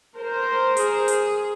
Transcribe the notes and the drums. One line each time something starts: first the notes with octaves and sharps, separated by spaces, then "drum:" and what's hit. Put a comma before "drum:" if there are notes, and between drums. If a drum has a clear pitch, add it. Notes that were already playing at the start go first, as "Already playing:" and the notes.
A#4 C5
G#4, drum: hi-hat
drum: hi-hat